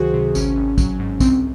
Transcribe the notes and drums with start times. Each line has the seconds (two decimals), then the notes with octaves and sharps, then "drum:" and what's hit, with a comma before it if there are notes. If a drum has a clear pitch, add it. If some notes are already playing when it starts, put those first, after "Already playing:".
Already playing: C#2 C3 D#3 F#3 F#4 G#4 C5
0.14 C3
0.35 G#1 C#4, drum: tambourine
0.56 G#1
0.78 F#3, drum: kick, tambourine
0.99 G#2
1.20 C2 C4, drum: kick, tambourine